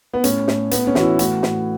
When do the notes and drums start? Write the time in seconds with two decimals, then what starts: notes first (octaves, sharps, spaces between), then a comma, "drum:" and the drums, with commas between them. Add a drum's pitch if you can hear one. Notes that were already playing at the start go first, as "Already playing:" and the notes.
0.14 B3
0.24 A2 C#4, drum: hi-hat
0.48 A2, drum: snare
0.71 A2 B3, drum: hi-hat
0.87 C#4
0.95 E3 F#4, drum: snare
1.03 E4
1.19 A2 F#4, drum: hi-hat
1.43 A2, drum: snare